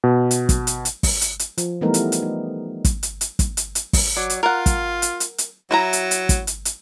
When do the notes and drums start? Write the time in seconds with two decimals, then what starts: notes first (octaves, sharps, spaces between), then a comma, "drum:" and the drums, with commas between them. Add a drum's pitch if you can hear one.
0.04 B2
0.31 drum: hi-hat
0.49 drum: kick, hi-hat
0.67 drum: hi-hat
0.85 drum: hi-hat
1.03 drum: kick, open hi-hat
1.21 drum: hi-hat
1.39 drum: hi-hat
1.58 F3, drum: hi-hat
1.81 E3 G3 A3 B3 D#4 A#4
1.94 drum: hi-hat
2.12 drum: hi-hat
2.22 D#4
2.85 drum: kick, hi-hat
3.03 drum: hi-hat
3.21 drum: hi-hat
3.39 drum: kick, hi-hat
3.57 drum: hi-hat
3.75 drum: hi-hat
3.93 drum: kick, open hi-hat
4.17 F#3 D5
4.30 drum: hi-hat
4.43 F4 A#4 F#5
4.66 drum: kick, hi-hat
5.02 drum: hi-hat
5.20 drum: hi-hat
5.38 drum: hi-hat
5.71 F#3 E4 E5 A#5
5.93 drum: hi-hat
6.11 drum: hi-hat
6.29 drum: kick, hi-hat
6.47 drum: hi-hat
6.65 drum: hi-hat